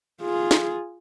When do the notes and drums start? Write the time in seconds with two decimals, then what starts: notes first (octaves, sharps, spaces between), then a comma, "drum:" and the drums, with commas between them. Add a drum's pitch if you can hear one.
0.22 F4 G#4
0.51 drum: snare